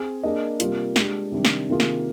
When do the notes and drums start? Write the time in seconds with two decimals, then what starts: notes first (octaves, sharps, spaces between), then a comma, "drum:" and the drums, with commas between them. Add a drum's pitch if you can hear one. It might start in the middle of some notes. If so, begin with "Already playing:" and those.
Already playing: C4 G#4
0.23 A#3 D4 G#4 D#5
0.60 C3 G3 A#3 F4, drum: hi-hat
0.96 G#3 D4 G4, drum: snare
1.32 C3 D#3 G3 D4
1.45 drum: snare
1.69 C3 D#3 A#3 F4 G#4
1.80 drum: snare